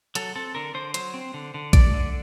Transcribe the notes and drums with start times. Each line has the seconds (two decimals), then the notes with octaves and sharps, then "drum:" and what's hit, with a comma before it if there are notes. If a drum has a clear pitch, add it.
0.15 F#3 A4, drum: hi-hat
0.36 C4 A4
0.55 D3 A#4
0.74 D3 C5
0.94 F#3 C5, drum: hi-hat
1.14 C4
1.34 D3
1.54 D3
1.73 A3 D5, drum: kick A#1, hi-hat
1.94 D3